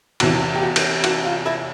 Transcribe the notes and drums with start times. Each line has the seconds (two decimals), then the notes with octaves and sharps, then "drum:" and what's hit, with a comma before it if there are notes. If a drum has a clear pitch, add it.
0.20 E2 C3 E3 F#4, drum: cymbal
0.55 G4
0.62 F#4
0.76 drum: cymbal
1.04 F#4, drum: cymbal
1.25 F4
1.46 E4